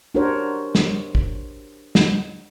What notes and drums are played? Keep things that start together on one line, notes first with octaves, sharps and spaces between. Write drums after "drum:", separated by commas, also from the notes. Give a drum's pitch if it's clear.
D4 F#4 G4 A#4 C5 C#5
drum: snare
drum: kick
drum: snare